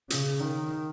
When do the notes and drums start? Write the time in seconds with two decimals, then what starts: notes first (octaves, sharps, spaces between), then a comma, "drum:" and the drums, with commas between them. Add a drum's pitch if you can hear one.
0.10 C#3, drum: hi-hat
0.40 D#3